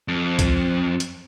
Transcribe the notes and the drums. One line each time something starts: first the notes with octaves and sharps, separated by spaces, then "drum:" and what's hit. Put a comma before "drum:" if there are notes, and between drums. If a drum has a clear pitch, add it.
F2
drum: kick C#2, hi-hat
drum: hi-hat